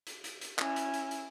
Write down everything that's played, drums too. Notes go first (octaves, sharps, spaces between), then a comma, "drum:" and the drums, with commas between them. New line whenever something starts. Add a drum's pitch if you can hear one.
drum: hi-hat
drum: hi-hat
drum: hi-hat
C#4 E4, drum: clap
drum: hi-hat
drum: hi-hat
drum: hi-hat